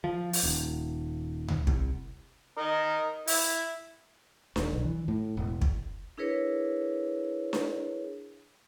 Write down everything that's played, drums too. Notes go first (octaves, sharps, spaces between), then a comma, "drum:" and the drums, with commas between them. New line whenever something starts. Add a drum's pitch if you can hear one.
F3
drum: open hi-hat
D#1
drum: tom D2
C2, drum: kick
D#4 A#4
E4, drum: open hi-hat
D#1, drum: snare D4
B1
E3
A2
E1
drum: kick
D4 E4 G#4 A#4 B4 C#5
drum: snare D4